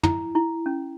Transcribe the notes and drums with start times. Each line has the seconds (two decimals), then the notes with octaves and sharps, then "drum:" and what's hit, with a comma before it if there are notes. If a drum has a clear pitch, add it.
0.03 E4, drum: tom
0.35 E4
0.66 C#4